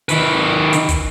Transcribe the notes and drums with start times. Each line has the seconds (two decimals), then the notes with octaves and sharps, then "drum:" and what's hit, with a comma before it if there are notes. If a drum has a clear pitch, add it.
0.09 D#3 B4, drum: hi-hat
0.73 drum: hi-hat
0.89 drum: kick, hi-hat